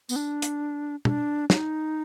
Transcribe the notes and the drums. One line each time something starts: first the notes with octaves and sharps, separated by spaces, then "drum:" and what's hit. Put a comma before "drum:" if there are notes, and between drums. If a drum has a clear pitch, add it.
B3, drum: tambourine
D4
drum: hi-hat
D4, drum: tom
D#4, drum: snare